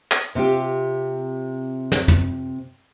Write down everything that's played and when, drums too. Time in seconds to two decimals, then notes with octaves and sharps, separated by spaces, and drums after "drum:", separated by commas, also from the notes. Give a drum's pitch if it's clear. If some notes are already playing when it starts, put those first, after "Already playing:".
0.11 drum: clap
0.35 C3 C4 F4 G4
1.92 drum: snare
2.08 drum: tom